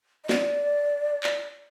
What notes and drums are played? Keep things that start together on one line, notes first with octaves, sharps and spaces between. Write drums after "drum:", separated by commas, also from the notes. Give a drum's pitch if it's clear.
D#5
D5, drum: snare
drum: clap